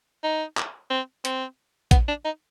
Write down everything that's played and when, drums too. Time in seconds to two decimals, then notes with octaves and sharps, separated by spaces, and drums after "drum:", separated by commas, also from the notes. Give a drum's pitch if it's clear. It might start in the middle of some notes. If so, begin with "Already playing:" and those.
0.24 D#4
0.57 drum: clap
0.90 C4
1.25 C4, drum: hi-hat
1.91 B3, drum: kick A#1, hi-hat
2.08 D4
2.25 D#4